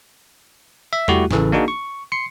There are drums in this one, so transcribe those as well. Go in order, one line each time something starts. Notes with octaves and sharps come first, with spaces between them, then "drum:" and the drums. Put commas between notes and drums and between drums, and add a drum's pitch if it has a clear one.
E5
G3 A3 E4 F#4 G4, drum: tom E2
A1 C#3 E3 A4, drum: snare
A#3 D4 D#4 F#4 G#4
C#6
C6 C7 C#7